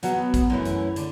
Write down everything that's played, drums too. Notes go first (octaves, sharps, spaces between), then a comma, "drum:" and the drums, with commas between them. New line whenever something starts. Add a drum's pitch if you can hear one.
B2 F#3 B3, drum: hi-hat
drum: kick, hi-hat
F#2 E3 A3 C#4 E4
drum: hi-hat
D3, drum: hi-hat